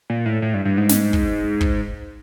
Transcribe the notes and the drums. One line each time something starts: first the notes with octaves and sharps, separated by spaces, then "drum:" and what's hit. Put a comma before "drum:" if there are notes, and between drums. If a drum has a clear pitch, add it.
A#2
A2
A2
G2
G2
G#2
drum: snare
drum: kick
drum: kick